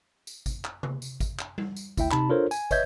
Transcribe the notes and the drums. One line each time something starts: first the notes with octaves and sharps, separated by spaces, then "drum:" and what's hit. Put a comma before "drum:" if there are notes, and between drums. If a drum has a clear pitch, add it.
drum: tambourine
drum: kick, tambourine
drum: clap
drum: tom C3
drum: tambourine
drum: kick, tambourine
drum: clap
drum: tom G3
drum: tambourine
D2 E4 E5 G5, drum: kick, tambourine
C3 D#4 A5 B5, drum: clap
D4 F4 A4 A#4 C5 C#5
G#5, drum: tambourine
B4 C#5 D#5 E5 G6 G#6, drum: kick, tambourine